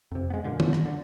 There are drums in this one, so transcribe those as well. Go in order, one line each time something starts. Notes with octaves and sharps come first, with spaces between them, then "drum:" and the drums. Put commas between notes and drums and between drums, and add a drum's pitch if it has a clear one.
F2 C3
G#3 B3
F#2 A#2 D3
G1 D3, drum: tom
drum: rim click
D3